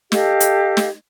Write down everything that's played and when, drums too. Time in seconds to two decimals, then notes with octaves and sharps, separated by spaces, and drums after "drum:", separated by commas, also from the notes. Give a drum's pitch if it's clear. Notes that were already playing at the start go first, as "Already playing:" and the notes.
0.12 G4 A4 D#5 F5, drum: snare
0.40 drum: hi-hat
0.77 drum: snare